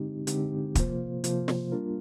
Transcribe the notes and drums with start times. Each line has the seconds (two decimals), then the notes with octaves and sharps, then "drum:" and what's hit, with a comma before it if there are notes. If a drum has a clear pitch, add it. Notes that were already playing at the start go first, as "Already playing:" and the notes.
Already playing: D3 G#3 C4 D#4 G4
0.27 D3 G#3 C4 D#4 G4, drum: hi-hat
0.75 C3 F3 A#3 F4 C5, drum: kick, hi-hat
1.24 C3 F3 A#3 F4 C5, drum: hi-hat
1.48 drum: snare
1.72 G3 A#3 D4 F4 A#4